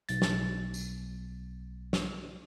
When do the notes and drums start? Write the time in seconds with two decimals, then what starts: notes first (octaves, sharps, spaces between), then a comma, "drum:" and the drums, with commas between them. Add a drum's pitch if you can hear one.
0.09 B1 A6, drum: hi-hat
0.22 drum: snare
0.74 drum: tambourine
1.93 drum: snare